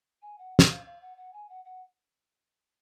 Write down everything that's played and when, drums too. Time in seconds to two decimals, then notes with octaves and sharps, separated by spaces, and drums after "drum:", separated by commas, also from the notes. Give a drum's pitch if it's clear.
0.22 G#5
0.38 F#5
0.59 drum: snare
0.69 F5
0.86 F5
1.01 F#5
1.17 F#5
1.33 G#5
1.49 F#5
1.65 F#5